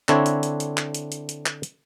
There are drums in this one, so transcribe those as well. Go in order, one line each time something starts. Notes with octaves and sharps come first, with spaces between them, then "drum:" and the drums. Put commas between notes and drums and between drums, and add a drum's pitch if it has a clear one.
D3 C4 D4 E4 C#5, drum: clap
drum: hi-hat
drum: hi-hat
drum: hi-hat
drum: clap
drum: hi-hat
drum: hi-hat
drum: hi-hat
drum: clap
drum: hi-hat